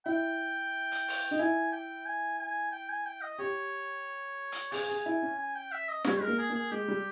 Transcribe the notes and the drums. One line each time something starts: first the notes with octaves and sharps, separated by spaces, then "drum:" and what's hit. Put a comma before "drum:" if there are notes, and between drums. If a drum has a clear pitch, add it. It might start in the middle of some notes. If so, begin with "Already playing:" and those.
E4 G5
drum: hi-hat
drum: open hi-hat
D#4
E4 G#5
G5
G#5
G#5
G5
G#5
G5
D#5
G4 C#5
drum: hi-hat
G#4 G#5, drum: open hi-hat
G#4
E4
C#4
G#5
G5
E5
D#5
G3 C#5, drum: snare
G#3 A#4
A#3
G#4
A#3 G#4
G#3 G4
G3